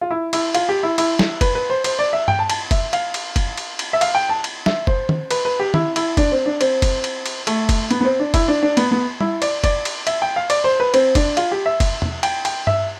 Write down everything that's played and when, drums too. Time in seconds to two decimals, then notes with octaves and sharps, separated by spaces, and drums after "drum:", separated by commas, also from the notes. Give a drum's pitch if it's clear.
0.01 F4
0.11 E4
0.33 E4, drum: cymbal
0.54 F4, drum: cymbal
0.69 G4
0.83 E4
0.98 E4, drum: cymbal
1.19 drum: snare
1.41 B4, drum: kick, cymbal
1.55 B4
1.70 C5
1.84 C5, drum: cymbal
1.99 D5
2.13 E5
2.28 G5, drum: tom G2
2.39 A5
2.50 A5, drum: cymbal
2.71 E5, drum: kick, cymbal
2.93 F5, drum: cymbal
3.14 drum: cymbal
3.36 drum: kick, cymbal
3.57 drum: cymbal
3.79 drum: cymbal
3.93 E5
4.01 F5, drum: cymbal
4.15 G5
4.29 A5
4.44 drum: cymbal
4.66 E5, drum: snare
4.87 C5, drum: kick
5.09 drum: tom
5.31 B4, drum: cymbal
5.45 B4
5.60 G4
5.74 E4, drum: tom
5.96 E4, drum: cymbal
6.17 D4, drum: kick, cymbal
6.32 C4
6.46 D4
6.61 C4, drum: cymbal
6.82 drum: kick, cymbal
7.04 drum: cymbal
7.26 drum: cymbal
7.47 A3, drum: cymbal
7.69 drum: kick, cymbal
7.91 B3, drum: cymbal
8.01 B3
8.05 C4
8.20 D4
8.34 E4, drum: kick, cymbal
8.48 D4
8.63 D4
8.77 B3, drum: cymbal
8.92 B3
9.21 E4, drum: tom G3
9.42 D5, drum: cymbal
9.64 D5, drum: kick, cymbal
9.85 drum: cymbal
10.07 E5, drum: cymbal
10.22 G5
10.36 F5
10.50 D5, drum: cymbal
10.64 C5
10.80 B4
10.94 C4, drum: cymbal
11.15 D4, drum: kick, cymbal
11.37 F4, drum: cymbal
11.52 G4
11.66 E5
11.80 drum: kick, cymbal
12.02 drum: tom E2
12.23 G5, drum: cymbal
12.45 G5, drum: cymbal
12.67 E5, drum: tom G2